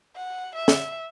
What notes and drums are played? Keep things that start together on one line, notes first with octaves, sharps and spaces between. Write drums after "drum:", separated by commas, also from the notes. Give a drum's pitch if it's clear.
F#5
E5
drum: snare